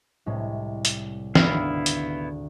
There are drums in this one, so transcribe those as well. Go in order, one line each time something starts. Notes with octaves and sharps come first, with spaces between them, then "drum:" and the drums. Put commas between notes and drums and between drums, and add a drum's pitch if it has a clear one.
C2 A2 G#3
drum: hi-hat
G#1 D2 B3 E4 F5, drum: snare
drum: hi-hat